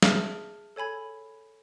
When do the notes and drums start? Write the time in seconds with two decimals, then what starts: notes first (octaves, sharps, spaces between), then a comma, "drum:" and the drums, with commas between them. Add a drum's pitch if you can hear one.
0.02 G#4 E5 A5 D#6 F6, drum: snare
0.76 A4 C#5 G#5 B5 G#6